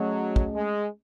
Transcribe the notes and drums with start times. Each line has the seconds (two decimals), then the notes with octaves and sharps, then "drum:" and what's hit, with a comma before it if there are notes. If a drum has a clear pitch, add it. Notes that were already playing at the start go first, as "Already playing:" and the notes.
Already playing: F#3 A3 C#4 G#4 D#5 A5
0.36 drum: kick
0.54 G#3